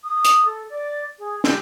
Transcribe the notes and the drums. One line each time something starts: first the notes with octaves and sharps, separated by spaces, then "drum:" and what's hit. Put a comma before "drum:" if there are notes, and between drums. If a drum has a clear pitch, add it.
D#6
drum: hi-hat
A4
D5
G#4
G4, drum: snare